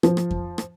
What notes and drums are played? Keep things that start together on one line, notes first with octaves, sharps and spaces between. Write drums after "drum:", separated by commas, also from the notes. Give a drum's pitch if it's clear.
F3, drum: rim click
drum: rim click
drum: kick F2
drum: rim click